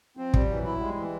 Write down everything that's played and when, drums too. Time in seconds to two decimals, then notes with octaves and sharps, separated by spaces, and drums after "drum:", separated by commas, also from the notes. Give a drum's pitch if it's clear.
0.17 F3 C4
0.34 G3, drum: kick
0.49 E3 F#3
0.65 E4
0.80 G3 G#3
0.97 E3